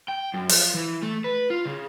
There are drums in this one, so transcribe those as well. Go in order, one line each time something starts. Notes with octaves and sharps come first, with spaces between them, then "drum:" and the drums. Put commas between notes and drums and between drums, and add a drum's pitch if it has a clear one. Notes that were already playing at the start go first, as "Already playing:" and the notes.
G5
F#2
F3, drum: open hi-hat
E3
A3
B4
F4
C#3